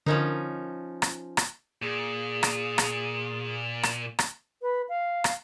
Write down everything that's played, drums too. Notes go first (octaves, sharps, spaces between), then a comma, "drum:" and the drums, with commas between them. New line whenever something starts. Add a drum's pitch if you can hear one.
D3 F3 C#4 D#4 A#4
drum: rim click
drum: rim click
A#2 G#4
drum: rim click
drum: rim click
drum: rim click
drum: rim click
B4
F5
drum: rim click